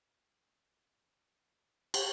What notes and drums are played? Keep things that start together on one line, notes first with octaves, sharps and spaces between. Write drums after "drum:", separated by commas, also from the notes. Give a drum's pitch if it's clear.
D2 G#2 A3 D4 A#4 A#6
drum: cymbal